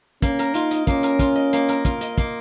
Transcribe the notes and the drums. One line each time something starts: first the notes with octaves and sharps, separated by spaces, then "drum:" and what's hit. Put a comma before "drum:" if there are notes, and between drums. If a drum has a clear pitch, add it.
A#3 C#4, drum: kick, hi-hat
A#4, drum: hi-hat
D#4 F4, drum: hi-hat
D#5, drum: hi-hat
A#3 C#4, drum: kick, hi-hat
A#4, drum: hi-hat
F4, drum: kick, hi-hat
D#5
A#3, drum: hi-hat
A#4, drum: hi-hat
F4, drum: kick, hi-hat
D#5, drum: hi-hat
A#3, drum: kick, hi-hat